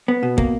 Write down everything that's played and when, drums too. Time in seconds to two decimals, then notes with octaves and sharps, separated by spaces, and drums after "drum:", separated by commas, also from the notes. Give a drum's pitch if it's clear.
0.08 B3
0.23 B2
0.38 A#3, drum: kick